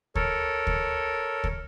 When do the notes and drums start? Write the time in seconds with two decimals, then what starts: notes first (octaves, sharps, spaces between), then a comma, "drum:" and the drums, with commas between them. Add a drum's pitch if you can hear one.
0.15 A4 A#4 C#5, drum: kick
0.67 drum: kick
1.44 drum: kick